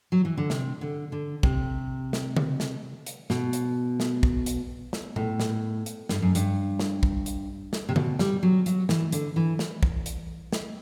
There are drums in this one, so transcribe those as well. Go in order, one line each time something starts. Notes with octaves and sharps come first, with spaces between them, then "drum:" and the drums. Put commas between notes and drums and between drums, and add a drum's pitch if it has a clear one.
F#3
E3
D3
C3, drum: snare
D3
D3
C3, drum: kick
drum: snare
drum: tom C#3
drum: snare
drum: hi-hat
B2, drum: snare
drum: hi-hat
drum: snare
drum: kick
drum: hi-hat
drum: snare
A2, drum: tom A#2
drum: snare
drum: hi-hat
G2, drum: snare
F#2
G2, drum: hi-hat
drum: snare
drum: kick
drum: hi-hat
drum: snare
C3
B2, drum: tom C#3
G3, drum: snare
F#3
F#3, drum: hi-hat
E3, drum: snare
D3, drum: hi-hat
E3
drum: snare
drum: kick
drum: hi-hat
drum: snare